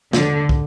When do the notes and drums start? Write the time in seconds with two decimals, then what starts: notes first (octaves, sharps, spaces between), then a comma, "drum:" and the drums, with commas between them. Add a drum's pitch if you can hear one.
0.13 D3, drum: snare
0.49 drum: kick